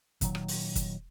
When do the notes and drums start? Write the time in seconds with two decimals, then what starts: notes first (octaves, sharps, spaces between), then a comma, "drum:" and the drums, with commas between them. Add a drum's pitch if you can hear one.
0.21 A#2 D#3 F#3, drum: kick, hi-hat
0.35 drum: rim click
0.48 drum: open hi-hat
0.76 drum: kick, hi-hat